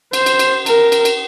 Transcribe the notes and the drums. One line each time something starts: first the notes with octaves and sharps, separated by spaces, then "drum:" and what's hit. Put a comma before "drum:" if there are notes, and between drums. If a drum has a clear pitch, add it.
C5, drum: cymbal
drum: cymbal
drum: cymbal
A#4, drum: cymbal
drum: cymbal
drum: cymbal